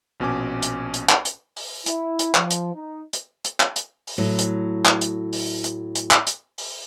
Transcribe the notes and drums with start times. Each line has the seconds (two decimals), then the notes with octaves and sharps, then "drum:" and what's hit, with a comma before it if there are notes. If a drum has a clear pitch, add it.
0.20 A#1 B2 C#4 G#5 D6
0.62 drum: hi-hat
0.94 drum: hi-hat
1.09 drum: clap
1.25 drum: hi-hat
1.56 drum: open hi-hat
1.86 E4, drum: hi-hat
2.19 drum: hi-hat
2.35 F3, drum: clap
2.50 drum: hi-hat
2.74 D#4
3.13 drum: hi-hat
3.44 drum: hi-hat
3.60 drum: clap
3.76 drum: hi-hat
4.07 drum: open hi-hat
4.18 A2 F#3
4.38 drum: hi-hat
4.86 drum: clap
5.01 drum: hi-hat
5.33 drum: open hi-hat
5.64 drum: hi-hat
5.95 drum: hi-hat
6.11 drum: clap
6.27 drum: hi-hat
6.58 drum: open hi-hat